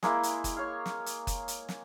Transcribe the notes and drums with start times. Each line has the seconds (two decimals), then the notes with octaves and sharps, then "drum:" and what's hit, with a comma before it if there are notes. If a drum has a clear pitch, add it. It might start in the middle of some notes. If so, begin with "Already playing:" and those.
0.03 G#3 A#3 E4, drum: snare
0.23 drum: hi-hat
0.44 drum: kick F#1, hi-hat
0.57 C#5 F5
0.86 drum: snare
1.06 drum: hi-hat
1.27 drum: kick F#1, hi-hat
1.48 drum: hi-hat
1.69 drum: snare